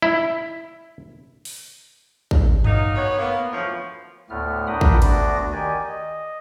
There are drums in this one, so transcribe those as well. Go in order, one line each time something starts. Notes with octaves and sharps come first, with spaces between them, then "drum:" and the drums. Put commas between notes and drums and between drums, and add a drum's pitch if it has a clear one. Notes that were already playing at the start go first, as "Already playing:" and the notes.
E4
drum: open hi-hat
drum: kick
F#3 A#3 D#4, drum: tom F#2
B3 C#5
A#3 B3
D2 A2 E3 F3 C#5
D2 A2 A3 B3 F6
D4 A#4 F#5 G5 B5 D#6
drum: kick
D2 B3 D4 F#4 D5 A#6, drum: cymbal
D#3 G4 D5 G#5
D#5